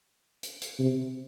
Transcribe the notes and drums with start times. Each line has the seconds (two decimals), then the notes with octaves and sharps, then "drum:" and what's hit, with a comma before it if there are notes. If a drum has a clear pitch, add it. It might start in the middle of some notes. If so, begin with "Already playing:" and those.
0.43 drum: hi-hat
0.62 drum: hi-hat
0.79 C3